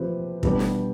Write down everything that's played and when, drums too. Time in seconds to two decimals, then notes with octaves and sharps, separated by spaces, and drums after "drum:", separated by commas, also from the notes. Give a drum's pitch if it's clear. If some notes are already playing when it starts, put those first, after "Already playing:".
Already playing: C3 F3 C4 G4 B4
0.43 B2 G3 D4 G4 B4, drum: kick
0.59 drum: snare